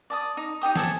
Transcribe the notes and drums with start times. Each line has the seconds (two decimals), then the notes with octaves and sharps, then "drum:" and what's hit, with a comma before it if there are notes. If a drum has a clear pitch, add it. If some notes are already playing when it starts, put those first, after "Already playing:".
0.10 D5 A5 D#6
0.37 D#4
0.61 D#4 G4 G5 D#6
0.76 A4 G#5 A5, drum: snare